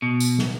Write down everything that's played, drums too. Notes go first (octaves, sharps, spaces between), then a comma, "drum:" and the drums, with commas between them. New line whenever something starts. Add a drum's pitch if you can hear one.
B2
drum: tambourine
drum: snare